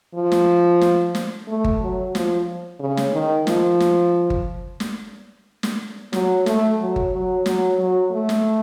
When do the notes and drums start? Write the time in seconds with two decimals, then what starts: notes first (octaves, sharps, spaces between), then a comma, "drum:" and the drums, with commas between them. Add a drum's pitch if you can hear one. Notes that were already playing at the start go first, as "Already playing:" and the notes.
0.15 F3
0.32 drum: snare
0.81 drum: snare
1.15 drum: snare
1.48 A3
1.64 drum: kick G1
1.81 F#3
2.15 F3, drum: snare
2.80 C#3
2.97 drum: snare
3.14 D#3
3.47 F3, drum: snare
3.80 drum: snare
4.30 drum: kick G1
4.80 drum: snare
5.63 drum: snare
6.13 F#3, drum: snare
6.46 A3, drum: snare
6.80 F#3
6.96 drum: kick G1
7.13 F#3
7.46 F#3, drum: snare
7.78 F#3
8.12 A3
8.29 drum: snare